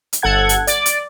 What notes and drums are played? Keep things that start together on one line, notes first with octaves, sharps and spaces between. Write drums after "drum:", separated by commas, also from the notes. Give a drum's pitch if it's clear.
drum: hi-hat
G1 A4 F#5 G#6
drum: hi-hat
D5, drum: hi-hat
drum: hi-hat